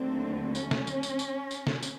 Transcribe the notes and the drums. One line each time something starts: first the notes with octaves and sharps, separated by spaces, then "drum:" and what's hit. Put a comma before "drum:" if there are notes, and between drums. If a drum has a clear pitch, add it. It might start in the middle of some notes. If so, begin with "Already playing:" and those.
Already playing: D#2 D3 F#3 A3 C4
C#4, drum: tambourine
drum: snare
drum: tambourine
drum: tambourine
drum: tambourine
drum: tambourine
drum: snare
drum: tambourine